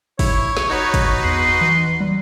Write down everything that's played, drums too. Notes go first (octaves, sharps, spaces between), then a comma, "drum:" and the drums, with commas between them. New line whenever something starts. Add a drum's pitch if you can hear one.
E4 C#5, drum: kick, open hi-hat
drum: snare
D#4 F#4 B4
drum: kick, hi-hat
E2 C6
E3
G3